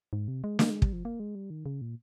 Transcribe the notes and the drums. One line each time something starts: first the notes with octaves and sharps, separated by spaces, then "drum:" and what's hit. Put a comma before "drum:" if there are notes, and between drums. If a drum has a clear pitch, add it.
G#2
C3
G#3
A#3, drum: snare
G#3
G3, drum: kick
F3
A#3
G#3
G3
D#3
C#3
A#2